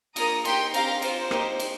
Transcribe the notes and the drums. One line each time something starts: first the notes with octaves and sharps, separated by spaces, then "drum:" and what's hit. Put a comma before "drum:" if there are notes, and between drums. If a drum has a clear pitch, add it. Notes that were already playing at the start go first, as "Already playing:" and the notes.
A#3 F4 A#5 D#6, drum: cymbal
A#3 D#4 G4 G5 C6, drum: cymbal
C4 G4 F5 A#5, drum: cymbal
C4 F4 C5, drum: cymbal
A#3 D#4 G4, drum: rim click
drum: cymbal